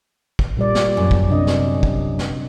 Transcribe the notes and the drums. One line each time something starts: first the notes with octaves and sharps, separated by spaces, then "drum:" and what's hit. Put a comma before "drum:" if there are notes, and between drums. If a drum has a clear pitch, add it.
drum: kick
A#2 G3 D5
drum: snare
F#2
drum: kick
C3 D4 D#5
drum: snare
drum: kick
drum: snare